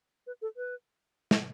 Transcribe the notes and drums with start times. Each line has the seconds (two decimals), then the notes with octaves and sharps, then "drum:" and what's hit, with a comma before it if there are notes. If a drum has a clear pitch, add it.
0.27 B4
0.42 A4
0.57 B4
1.31 drum: snare